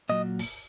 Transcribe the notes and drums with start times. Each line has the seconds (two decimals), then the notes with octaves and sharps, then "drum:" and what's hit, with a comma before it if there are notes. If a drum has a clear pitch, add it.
0.09 A#2 F#3 D#5
0.39 drum: open hi-hat